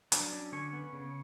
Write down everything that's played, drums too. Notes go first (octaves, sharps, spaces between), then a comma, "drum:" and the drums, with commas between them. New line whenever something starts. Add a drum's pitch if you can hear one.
F#3 D4 D5, drum: hi-hat
C#4
D3 C#4 C#5
B3
C#3